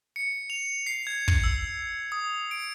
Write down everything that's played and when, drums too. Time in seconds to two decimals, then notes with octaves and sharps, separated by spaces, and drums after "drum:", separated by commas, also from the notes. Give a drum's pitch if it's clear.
0.16 C#7
0.50 F7
0.86 C7
1.07 G#6
1.28 drum: kick
1.44 E6
2.12 D#6
2.51 D7